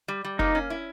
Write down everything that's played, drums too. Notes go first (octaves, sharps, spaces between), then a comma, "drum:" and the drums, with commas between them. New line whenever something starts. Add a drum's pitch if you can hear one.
G3
G3
A#3 D#4, drum: kick F#1
C#4
E4